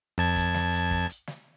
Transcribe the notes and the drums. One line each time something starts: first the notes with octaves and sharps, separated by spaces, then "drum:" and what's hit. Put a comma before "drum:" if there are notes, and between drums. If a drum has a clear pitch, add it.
F2 A5 G#6
drum: kick, hi-hat
drum: snare
drum: hi-hat
drum: kick
drum: hi-hat
drum: snare